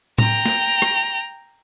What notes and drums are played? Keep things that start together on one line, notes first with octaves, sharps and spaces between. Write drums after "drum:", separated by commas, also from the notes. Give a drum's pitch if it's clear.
G5 A#5, drum: tom A2
drum: snare
drum: rim click